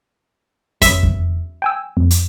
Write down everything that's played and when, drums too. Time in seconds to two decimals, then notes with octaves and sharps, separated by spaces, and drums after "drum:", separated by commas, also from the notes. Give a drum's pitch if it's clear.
0.82 E5, drum: kick, hi-hat
1.03 drum: kick
1.62 G5 G#5 E6
1.97 F2
2.11 drum: hi-hat